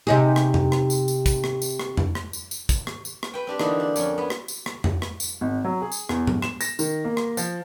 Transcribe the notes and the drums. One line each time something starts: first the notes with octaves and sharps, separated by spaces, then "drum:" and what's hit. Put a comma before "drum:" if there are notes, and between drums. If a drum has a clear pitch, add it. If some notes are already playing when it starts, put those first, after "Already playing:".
C3 D#4 G#4
drum: rim click
drum: tom F2
drum: rim click
drum: tambourine
drum: tambourine
drum: kick, tambourine
drum: rim click
drum: tambourine
drum: rim click
drum: tom F2
drum: rim click
drum: tambourine
drum: tambourine
drum: kick, tambourine
drum: rim click
drum: tambourine
drum: rim click
B4 G5
C4 D4 G4
D3 E3 A#3 C4 D#4, drum: rim click
D4
F2 C#4, drum: tambourine
B3 B4
drum: rim click
drum: tambourine
drum: rim click
drum: tom F2
drum: rim click
drum: tambourine
G#1
F#3
G#4
drum: tambourine
E2, drum: rim click
G1, drum: tom A2
E7, drum: rim click
A#6, drum: tambourine
D#3, drum: tambourine
A#3
drum: rim click
F3, drum: tambourine